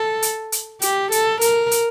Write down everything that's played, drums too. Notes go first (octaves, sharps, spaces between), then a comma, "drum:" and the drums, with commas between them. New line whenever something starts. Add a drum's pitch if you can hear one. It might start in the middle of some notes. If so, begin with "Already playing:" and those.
Already playing: A4
drum: hi-hat
drum: hi-hat
G4, drum: hi-hat
A4, drum: hi-hat
A#4, drum: hi-hat
drum: hi-hat